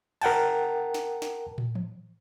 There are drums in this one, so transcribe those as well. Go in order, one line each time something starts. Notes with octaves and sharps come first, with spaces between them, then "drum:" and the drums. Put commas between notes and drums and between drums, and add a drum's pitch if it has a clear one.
A#4 F#5 G5 A5, drum: cymbal
drum: snare
drum: snare
drum: tom
drum: tom E3